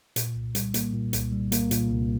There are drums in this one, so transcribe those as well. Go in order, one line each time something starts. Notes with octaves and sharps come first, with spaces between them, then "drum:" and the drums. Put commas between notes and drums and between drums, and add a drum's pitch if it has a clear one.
A#2, drum: hi-hat
C2
G3, drum: hi-hat
A#3, drum: hi-hat
A#2
C2, drum: hi-hat
G3
A#3, drum: hi-hat
A#2, drum: hi-hat
C2